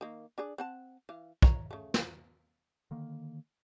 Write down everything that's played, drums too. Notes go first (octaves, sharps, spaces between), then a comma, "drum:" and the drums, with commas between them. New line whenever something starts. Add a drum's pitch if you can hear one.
D#3 A#3
D4 G#4 D5
C4 F#5 A5
E3 F5
C#5 A#5, drum: kick
C#3 A3
drum: snare
D3 D#3 A#3